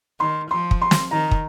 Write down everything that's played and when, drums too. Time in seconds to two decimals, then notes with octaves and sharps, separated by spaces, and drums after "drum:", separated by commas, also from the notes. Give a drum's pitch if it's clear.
0.20 D#3 C6
0.51 F3 C6
0.71 drum: kick
0.82 C6
0.91 drum: snare
1.11 D#3 A#5
1.31 drum: kick